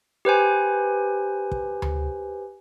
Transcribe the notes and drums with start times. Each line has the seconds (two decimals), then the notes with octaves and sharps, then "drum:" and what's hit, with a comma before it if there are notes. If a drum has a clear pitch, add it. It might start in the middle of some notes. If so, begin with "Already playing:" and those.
0.25 G4 B4 C5 G#5
1.52 drum: kick
1.82 drum: tom D2